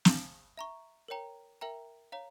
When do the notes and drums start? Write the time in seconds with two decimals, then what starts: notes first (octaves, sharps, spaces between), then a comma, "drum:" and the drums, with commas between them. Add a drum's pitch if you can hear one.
0.05 F5 A5 D6 G6, drum: snare
0.58 E5 A#5 C#6
1.08 A#4 C#5 G5 A#5
1.61 A#4 E5 G5 A#5
2.12 C#5 F5 A#5